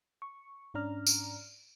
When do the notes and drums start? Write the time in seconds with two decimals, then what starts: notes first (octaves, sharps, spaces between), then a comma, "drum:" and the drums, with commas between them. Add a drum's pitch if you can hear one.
0.22 C#6
0.74 G#2 C#4 D4 D5 A#5 F6
1.07 drum: tambourine